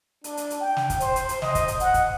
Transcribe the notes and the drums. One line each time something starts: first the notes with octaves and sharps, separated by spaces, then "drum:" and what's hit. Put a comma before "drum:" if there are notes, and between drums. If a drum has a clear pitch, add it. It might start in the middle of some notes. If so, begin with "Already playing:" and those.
D4, drum: hi-hat
drum: hi-hat
drum: hi-hat
G5
drum: snare
drum: kick, hi-hat
C5, drum: hi-hat
drum: hi-hat
drum: hi-hat
D#5, drum: snare
drum: kick, hi-hat
drum: hi-hat
F#5, drum: hi-hat
drum: kick, hi-hat